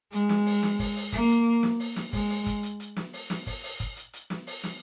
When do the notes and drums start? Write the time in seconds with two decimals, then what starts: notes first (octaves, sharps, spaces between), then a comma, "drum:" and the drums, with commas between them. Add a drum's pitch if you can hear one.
0.13 G#3, drum: hi-hat
0.29 drum: snare
0.46 drum: open hi-hat
0.63 drum: snare
0.79 drum: kick, open hi-hat
0.96 drum: open hi-hat
1.12 A#3, drum: kick, hi-hat
1.29 drum: hi-hat
1.63 drum: snare
1.80 drum: open hi-hat
1.96 drum: snare
2.13 G#3, drum: kick, open hi-hat
2.30 drum: open hi-hat
2.46 drum: kick, hi-hat
2.63 drum: hi-hat
2.80 drum: hi-hat
2.96 drum: snare
3.13 drum: open hi-hat
3.30 drum: snare
3.47 drum: kick, open hi-hat
3.63 drum: open hi-hat
3.80 drum: kick, hi-hat
3.97 drum: hi-hat
4.13 drum: hi-hat
4.30 drum: snare
4.47 drum: open hi-hat
4.63 drum: snare